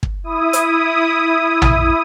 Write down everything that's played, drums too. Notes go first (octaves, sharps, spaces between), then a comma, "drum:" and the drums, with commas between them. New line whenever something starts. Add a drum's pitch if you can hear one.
drum: kick
E4 D#6
drum: hi-hat
drum: tom